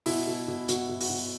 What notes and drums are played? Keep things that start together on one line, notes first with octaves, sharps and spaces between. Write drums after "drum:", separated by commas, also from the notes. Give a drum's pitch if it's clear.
B2 E4, drum: open hi-hat
B2
B2
B2 F#4, drum: hi-hat
B2
F#4, drum: open hi-hat
B2